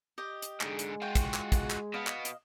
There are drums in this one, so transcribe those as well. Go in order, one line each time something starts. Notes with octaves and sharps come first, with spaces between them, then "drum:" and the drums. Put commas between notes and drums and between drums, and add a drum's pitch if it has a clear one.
G4 D#5
drum: hi-hat
G#2 D3 G#3, drum: clap
drum: hi-hat
F4 F#4 G5
drum: kick, hi-hat
drum: clap
drum: kick, hi-hat
drum: clap
B2 B3 D#5 F5
drum: clap
drum: hi-hat